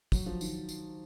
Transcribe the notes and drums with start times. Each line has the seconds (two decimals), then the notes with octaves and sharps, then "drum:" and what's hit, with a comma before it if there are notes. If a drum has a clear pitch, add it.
0.12 F#3, drum: kick, tambourine
0.26 F3
0.41 D#3, drum: tambourine
0.69 drum: tambourine